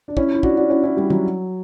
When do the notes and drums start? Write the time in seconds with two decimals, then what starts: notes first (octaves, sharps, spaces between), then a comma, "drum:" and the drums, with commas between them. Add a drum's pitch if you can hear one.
0.08 D4
0.17 C#4 E4, drum: kick
0.34 E4
0.43 D4 F#4, drum: kick
0.57 D4 F#4
0.70 C#4 E4
0.83 C#4 E4
0.97 G3
1.10 F#3, drum: tom